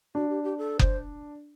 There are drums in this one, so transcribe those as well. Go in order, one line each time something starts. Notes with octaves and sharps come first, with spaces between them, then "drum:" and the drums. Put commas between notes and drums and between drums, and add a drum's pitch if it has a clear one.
D4 F#4
G4
G4
A4
C5, drum: kick F#1